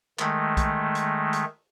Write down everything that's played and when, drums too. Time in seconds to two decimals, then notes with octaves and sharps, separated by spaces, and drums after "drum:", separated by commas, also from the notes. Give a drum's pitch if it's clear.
0.19 D#3 G#3 A3, drum: clap
0.57 drum: kick, hi-hat
0.95 drum: hi-hat
1.33 drum: hi-hat